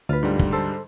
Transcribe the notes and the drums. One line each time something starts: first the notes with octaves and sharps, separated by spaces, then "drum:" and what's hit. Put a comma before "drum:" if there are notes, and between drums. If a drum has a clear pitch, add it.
D2 F4 B4
G#2 D3 G3
drum: kick
A4 C5